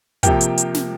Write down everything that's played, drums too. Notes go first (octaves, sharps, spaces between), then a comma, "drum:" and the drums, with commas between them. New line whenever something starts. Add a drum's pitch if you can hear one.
C3 F3 A#3 G4 G5, drum: kick, hi-hat
drum: hi-hat
drum: hi-hat
drum: snare